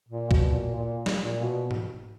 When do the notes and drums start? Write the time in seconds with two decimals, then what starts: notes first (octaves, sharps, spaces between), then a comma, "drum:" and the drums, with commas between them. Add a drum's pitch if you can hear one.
0.09 A#2
0.31 B2, drum: kick
0.53 A#2
0.75 A#2
1.06 drum: snare
1.20 A#2
1.42 B2
1.71 drum: tom G#2